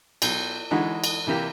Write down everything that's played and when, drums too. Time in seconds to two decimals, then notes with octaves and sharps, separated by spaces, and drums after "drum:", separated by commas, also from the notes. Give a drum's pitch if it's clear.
0.22 B1, drum: cymbal
0.71 D3 E3 G#3 D#4 F#4
1.04 drum: cymbal
1.27 C3 E3 A#3 G4